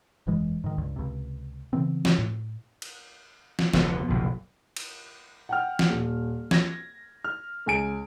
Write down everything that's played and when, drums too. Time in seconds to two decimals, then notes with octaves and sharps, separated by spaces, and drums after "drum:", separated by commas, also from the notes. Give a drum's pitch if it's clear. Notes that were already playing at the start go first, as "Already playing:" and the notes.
0.27 F1 G2 E3 G#3
0.64 G#2 D#3
0.78 C#2 G2
0.96 C#2 C3
1.73 C#3 E3 B3 C4
2.05 drum: snare
2.19 A2
2.82 drum: cymbal
3.59 drum: snare
3.73 F1 D2 D3 B3, drum: snare
4.08 F#1 B1 A#2 F3
4.77 drum: cymbal
5.49 F#5 G5 F6
5.79 drum: snare
5.88 D#1
6.51 G#6 A#6, drum: snare
7.24 F6
7.66 C#2 G#5 D7